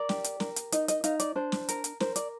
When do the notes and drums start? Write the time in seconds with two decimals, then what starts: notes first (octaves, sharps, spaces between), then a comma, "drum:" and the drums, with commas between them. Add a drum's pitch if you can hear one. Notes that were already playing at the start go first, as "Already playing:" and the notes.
Already playing: A#4 D5
0.09 G4, drum: snare
0.24 drum: hi-hat
0.40 A#4, drum: snare
0.56 drum: hi-hat
0.72 D#4 D#5, drum: hi-hat
0.88 D#5, drum: hi-hat
1.04 D#4 F5, drum: hi-hat
1.20 D5, drum: hi-hat
1.36 D4 C5
1.52 drum: snare
1.69 A#4, drum: hi-hat
1.84 drum: hi-hat
2.00 A#4 C5, drum: snare
2.16 D5, drum: hi-hat